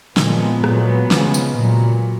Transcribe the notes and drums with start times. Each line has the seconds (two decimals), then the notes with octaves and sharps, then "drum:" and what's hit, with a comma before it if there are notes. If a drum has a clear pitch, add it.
0.17 A#2 F3 G#3 B3, drum: snare
0.64 A#2 F#3, drum: rim click
1.11 C#3 F3 G#3, drum: snare
1.34 drum: tambourine
1.58 A#2 F#3